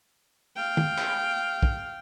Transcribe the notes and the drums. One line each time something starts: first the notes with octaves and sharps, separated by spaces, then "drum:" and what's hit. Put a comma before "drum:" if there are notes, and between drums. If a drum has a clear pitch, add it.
F5 G5
drum: tom
drum: clap
drum: kick